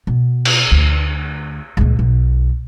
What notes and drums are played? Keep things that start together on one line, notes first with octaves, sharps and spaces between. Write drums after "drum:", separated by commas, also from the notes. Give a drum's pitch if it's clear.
B2
drum: cymbal
D2
C#2 A#2
B1